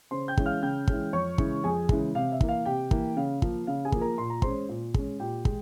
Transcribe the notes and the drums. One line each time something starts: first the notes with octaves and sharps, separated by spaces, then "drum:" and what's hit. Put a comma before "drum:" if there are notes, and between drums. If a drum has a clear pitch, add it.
C#3 C5 C6
G5 G6
E3 G#3 C#4, drum: kick
F5 F6
C#3 G5 G6
E3 G#3 C#4, drum: kick
F2 C#5 C#6
C#3 E3 G#3, drum: kick
F2 G#4 G#5
C#3 E3 G#3, drum: kick
C3 F5
E5
E3 A#3, drum: kick
F5
C3 G4 G5
E3 A#3, drum: kick
C#3 F5
F3 A#3, drum: kick
C#3 F5
G#4 G#5
F3 A#3, drum: kick
A#4 A#5
A#2 C6
A#5
G#3 C#4 C5 C6, drum: kick
A#2
G#3 C#4, drum: kick
A#2 G4 G5
G#3, drum: kick